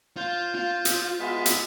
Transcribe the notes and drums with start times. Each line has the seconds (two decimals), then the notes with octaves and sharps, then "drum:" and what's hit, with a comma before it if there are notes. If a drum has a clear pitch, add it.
0.17 F4 C5
0.55 F4
0.85 drum: hi-hat
1.20 G#3 B3 E5
1.46 drum: hi-hat